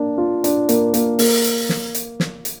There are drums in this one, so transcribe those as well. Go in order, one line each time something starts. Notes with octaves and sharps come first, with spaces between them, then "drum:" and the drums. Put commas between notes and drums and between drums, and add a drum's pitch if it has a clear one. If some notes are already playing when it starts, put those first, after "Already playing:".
Already playing: A#3 D4
F4
D4, drum: hi-hat
A#3, drum: hi-hat
A#3, drum: hi-hat
A#3, drum: open hi-hat
drum: hi-hat
drum: snare
drum: hi-hat
drum: snare
drum: hi-hat